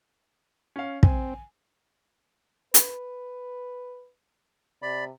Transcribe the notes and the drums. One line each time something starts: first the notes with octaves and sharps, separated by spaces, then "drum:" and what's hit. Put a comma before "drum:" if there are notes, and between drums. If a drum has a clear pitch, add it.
C#4 F5
C4 G#5, drum: kick
B4, drum: hi-hat
C3 D5 B5